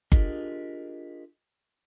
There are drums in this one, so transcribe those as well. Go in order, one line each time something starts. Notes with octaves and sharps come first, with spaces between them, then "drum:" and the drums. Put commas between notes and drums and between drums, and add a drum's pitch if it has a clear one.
D4 F4 G4 G#4 A#4 D#5, drum: kick G1